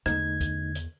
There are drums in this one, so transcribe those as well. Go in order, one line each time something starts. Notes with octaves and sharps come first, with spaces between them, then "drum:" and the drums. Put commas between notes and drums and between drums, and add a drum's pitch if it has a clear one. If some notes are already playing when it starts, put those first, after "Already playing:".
E2 D3 A3 D#4 G#6, drum: rim click
drum: kick, hi-hat
drum: hi-hat